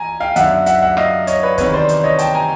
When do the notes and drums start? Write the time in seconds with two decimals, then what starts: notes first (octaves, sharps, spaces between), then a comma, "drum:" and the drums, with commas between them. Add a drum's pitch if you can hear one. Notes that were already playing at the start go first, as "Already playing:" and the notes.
Already playing: E2 G#5 A#5
0.20 F5 G5
0.36 F#2 D3 E5 F#5, drum: hi-hat
0.66 E5 F#5, drum: hi-hat
0.82 E5 F#5
0.97 D#5 F5, drum: rim click
1.27 C#5 D#5, drum: hi-hat
1.43 B4 C#5
1.58 E2 C3 D#3 B4 C#5, drum: kick, hi-hat
1.73 C5 D5
1.89 drum: hi-hat
2.04 C#5 D#5
2.19 G5 A5, drum: hi-hat
2.34 G#5 A#5